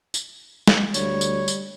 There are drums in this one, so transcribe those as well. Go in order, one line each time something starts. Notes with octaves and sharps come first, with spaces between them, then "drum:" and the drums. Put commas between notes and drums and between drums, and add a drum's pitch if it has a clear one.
drum: tambourine
drum: snare
D2 G3 C#5, drum: tambourine
drum: tambourine
drum: tambourine